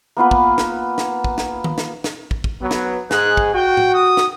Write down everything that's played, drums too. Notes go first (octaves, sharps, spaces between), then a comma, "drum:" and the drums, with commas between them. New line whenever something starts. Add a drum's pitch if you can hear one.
A#3 B3 F4 B4
drum: kick
drum: snare
drum: snare
drum: kick
drum: snare
drum: tom D#3
drum: snare
drum: snare
drum: kick
drum: kick
F#3 B3
drum: snare
G#2 G#4 F#6, drum: snare
drum: kick
F#4 G5
drum: tom
D#6
drum: snare